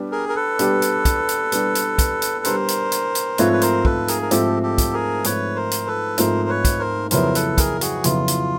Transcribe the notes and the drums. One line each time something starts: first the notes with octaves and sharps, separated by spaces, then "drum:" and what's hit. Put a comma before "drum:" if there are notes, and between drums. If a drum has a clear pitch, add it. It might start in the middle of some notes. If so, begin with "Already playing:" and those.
Already playing: G3 B3 D4 G4
G#4 A#4
A#4
A4 B4
G3 B3 D4 G4, drum: hi-hat
drum: hi-hat
drum: kick, hi-hat
drum: hi-hat
G3 B3 D4 G4, drum: hi-hat
drum: hi-hat
drum: kick, hi-hat
drum: hi-hat
G3 B3 D4 G4 A#4 C5, drum: hi-hat
drum: hi-hat
drum: hi-hat
drum: hi-hat
G#2 F3 A3 C4 F4 B4 C#5, drum: hi-hat
B4
A#4 C5, drum: hi-hat
A4 B4, drum: kick
G#4 A#4, drum: hi-hat
A#4
G#2 F3 A3 C4 F4 G4 A4, drum: hi-hat
G4 A4
drum: kick, hi-hat
G#4 A#4
G#2 F3 A3 C4 F4 B4 C#5, drum: hi-hat
A#4 C5
drum: hi-hat
A4 B4
G#2 F3 A3 C4 F4 A#4 C5, drum: hi-hat
B4 C#5
drum: kick, hi-hat
A#4 C5
F2 C#3 F#3 B3 E4 A#4 C5, drum: hi-hat
A4 B4, drum: hi-hat
G#4 A#4, drum: kick, hi-hat
F#4 G#4, drum: hi-hat
F2 C#3 F#3 B3 E4 F4, drum: hi-hat
drum: hi-hat